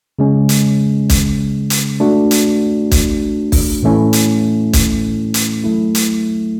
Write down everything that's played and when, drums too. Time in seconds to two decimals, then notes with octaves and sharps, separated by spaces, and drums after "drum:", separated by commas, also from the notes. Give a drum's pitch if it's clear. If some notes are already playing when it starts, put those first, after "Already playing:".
0.19 C#3 G#3 C#4
0.49 drum: hi-hat
1.10 drum: kick, hi-hat
1.70 drum: hi-hat
2.00 A3 D4 F#4
2.31 drum: hi-hat
2.91 drum: kick, hi-hat
3.52 drum: kick, open hi-hat
3.82 A2 E3 A3 C#4 E4
4.13 drum: hi-hat
4.73 drum: kick, hi-hat
5.34 drum: hi-hat
5.64 F#3 A3 E4
5.95 drum: hi-hat